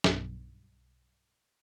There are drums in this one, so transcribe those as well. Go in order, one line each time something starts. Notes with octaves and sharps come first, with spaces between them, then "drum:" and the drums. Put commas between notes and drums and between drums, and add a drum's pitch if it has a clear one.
B1 G2, drum: snare